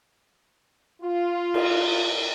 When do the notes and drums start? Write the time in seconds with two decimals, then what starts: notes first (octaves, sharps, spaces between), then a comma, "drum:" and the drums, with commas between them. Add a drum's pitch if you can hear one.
1.02 F4
1.54 drum: cymbal